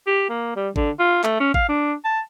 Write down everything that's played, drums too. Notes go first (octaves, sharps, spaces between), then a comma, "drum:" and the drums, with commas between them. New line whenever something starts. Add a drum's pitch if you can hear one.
G4
A#3
G3
D3, drum: kick G#1
F4
A3, drum: clap
C#4
F5, drum: kick G#1
D4
A5